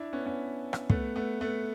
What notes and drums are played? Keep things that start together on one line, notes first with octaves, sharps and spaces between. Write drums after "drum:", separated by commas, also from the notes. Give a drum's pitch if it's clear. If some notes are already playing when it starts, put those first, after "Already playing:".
Already playing: D4 E4
B3 C#4
B3 C#4
drum: rim click
A3 B3, drum: kick
A3 B3
A3 B3